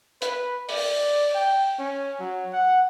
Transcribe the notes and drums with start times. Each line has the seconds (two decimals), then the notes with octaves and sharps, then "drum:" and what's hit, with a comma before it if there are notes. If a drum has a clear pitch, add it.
0.22 B4, drum: hi-hat
0.69 D5, drum: open hi-hat
1.34 G5
1.79 C#4
2.20 F#3
2.53 F#5